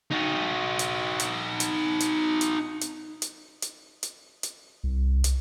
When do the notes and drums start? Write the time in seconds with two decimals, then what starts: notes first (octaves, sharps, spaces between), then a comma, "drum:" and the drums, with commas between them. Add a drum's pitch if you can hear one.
0.11 D#4 F#4
0.79 drum: hi-hat
1.20 drum: hi-hat
1.60 drum: hi-hat
2.00 drum: hi-hat
2.41 drum: hi-hat
2.81 drum: hi-hat
3.22 drum: hi-hat
3.62 drum: hi-hat
4.03 drum: hi-hat
4.43 drum: hi-hat
4.84 C2
5.24 drum: hi-hat